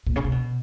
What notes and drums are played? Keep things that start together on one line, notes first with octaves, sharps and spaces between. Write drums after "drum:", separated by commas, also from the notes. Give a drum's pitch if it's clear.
A#2, drum: kick
C#3
C3
B2